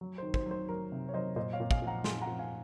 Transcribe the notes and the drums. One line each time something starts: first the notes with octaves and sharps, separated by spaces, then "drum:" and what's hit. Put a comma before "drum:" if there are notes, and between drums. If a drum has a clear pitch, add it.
F#3
D#3 C5
C5, drum: kick
F#3
C5
F#3 A#4
C3
C#5
F#3 C5 D#5
A#2 C5 D#5
C#5 F5
A#2
F5 G#5, drum: kick
F3
F#5 A#5
A#2 G#5 C6, drum: snare
F#5 A#5
F3
F5 G#5